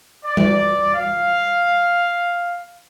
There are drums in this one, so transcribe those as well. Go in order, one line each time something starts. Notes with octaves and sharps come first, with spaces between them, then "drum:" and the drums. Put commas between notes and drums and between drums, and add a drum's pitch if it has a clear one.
D5
drum: tom G3
F5